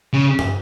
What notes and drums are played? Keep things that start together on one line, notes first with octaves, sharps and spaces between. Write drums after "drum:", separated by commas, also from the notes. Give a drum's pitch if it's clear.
C#3
drum: tom G2